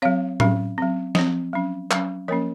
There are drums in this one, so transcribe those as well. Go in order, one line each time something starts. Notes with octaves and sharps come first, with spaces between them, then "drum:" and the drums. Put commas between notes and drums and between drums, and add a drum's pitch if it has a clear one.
F#3 C4 C#5 F5
F#3 C#4, drum: tom A2
F#3 C4
F3 C4, drum: snare
F#3 C#4
F#3 C#4, drum: clap
F3 A#3 C#4 A#4 C#5